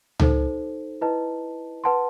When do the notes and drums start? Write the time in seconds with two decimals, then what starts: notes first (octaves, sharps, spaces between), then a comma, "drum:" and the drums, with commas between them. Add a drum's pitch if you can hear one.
0.20 D#4 A4 C5, drum: tom C#2
1.01 E4 B4 D#5 A5
1.84 B4 F#5 A5 C6